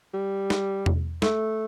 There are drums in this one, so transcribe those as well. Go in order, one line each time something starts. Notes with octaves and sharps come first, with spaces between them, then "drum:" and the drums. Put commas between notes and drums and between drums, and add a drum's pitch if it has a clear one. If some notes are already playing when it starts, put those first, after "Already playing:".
G3
drum: snare
drum: tom E2
A3, drum: snare